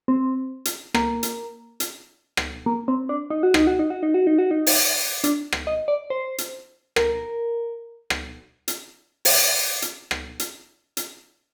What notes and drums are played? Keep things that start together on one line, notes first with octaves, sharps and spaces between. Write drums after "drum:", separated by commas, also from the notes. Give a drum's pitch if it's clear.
C4
drum: hi-hat
A#3, drum: rim click
drum: hi-hat
drum: hi-hat
drum: rim click
A#3
C4
D4
D#4
F#4
D#4, drum: rim click
F#4
D#4
F#4
D#4
F#4
D#4
F#4
D#4
drum: open hi-hat
D4, drum: hi-hat
drum: rim click
D#5
D5
C5
drum: hi-hat
A#4, drum: rim click
drum: rim click
drum: hi-hat
drum: open hi-hat
drum: hi-hat
drum: rim click
drum: hi-hat
drum: hi-hat